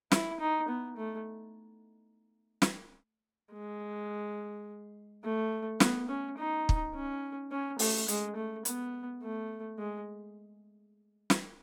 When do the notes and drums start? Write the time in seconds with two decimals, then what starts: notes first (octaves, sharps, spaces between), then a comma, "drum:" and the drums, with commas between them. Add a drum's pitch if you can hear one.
0.11 E4, drum: snare
0.41 D#4
0.68 B3
0.97 A3
2.62 drum: snare
3.53 G#3
5.24 A3
5.80 B3, drum: snare
6.09 C#4
6.38 D#4
6.69 drum: kick
6.94 C#4
7.51 C#4
7.79 A3, drum: open hi-hat
8.08 G#3, drum: hi-hat
8.36 A3
8.65 B3, drum: hi-hat
9.23 A3
9.79 G#3
11.30 drum: snare